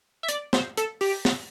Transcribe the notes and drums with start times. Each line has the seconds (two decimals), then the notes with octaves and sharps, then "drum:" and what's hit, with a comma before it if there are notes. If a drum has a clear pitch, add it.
0.23 E5
0.29 D5, drum: hi-hat
0.53 C5, drum: snare
0.77 A4, drum: hi-hat
1.01 G4, drum: open hi-hat
1.25 drum: snare